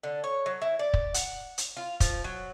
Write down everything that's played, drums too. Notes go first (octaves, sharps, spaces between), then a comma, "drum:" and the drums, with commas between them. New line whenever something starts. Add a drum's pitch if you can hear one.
D3
C#5
F#3
E4
D5
drum: kick
F#5, drum: hi-hat
drum: hi-hat
F4
F3, drum: kick, hi-hat
F#3